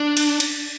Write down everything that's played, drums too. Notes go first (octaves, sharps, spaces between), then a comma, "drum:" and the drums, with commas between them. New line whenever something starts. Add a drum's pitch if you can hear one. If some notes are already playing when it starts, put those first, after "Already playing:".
Already playing: D4
drum: cymbal
drum: cymbal